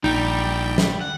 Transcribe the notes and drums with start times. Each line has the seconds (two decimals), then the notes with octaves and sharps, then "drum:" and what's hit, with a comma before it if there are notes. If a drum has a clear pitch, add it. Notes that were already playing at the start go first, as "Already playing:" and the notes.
0.04 A#1 G3 D#4 G5
0.78 drum: snare
1.01 F#5